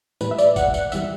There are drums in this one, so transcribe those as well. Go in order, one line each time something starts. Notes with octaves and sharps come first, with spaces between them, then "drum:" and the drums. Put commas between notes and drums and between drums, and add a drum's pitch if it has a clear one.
A2 E3 G3 B4, drum: tambourine
E5
D5, drum: tambourine
F#5, drum: kick, tambourine
F#5, drum: tambourine
E3 G3 E5, drum: tambourine